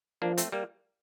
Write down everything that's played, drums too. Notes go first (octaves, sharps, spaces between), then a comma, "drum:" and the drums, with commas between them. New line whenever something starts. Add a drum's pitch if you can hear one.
F3 A#3 D4
A3 C4, drum: hi-hat
G3 A#3